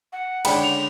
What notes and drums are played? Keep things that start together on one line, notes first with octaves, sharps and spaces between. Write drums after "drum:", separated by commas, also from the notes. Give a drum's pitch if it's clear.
F#5
D3 G#3 C#4 D5 G5 B5, drum: cymbal
F7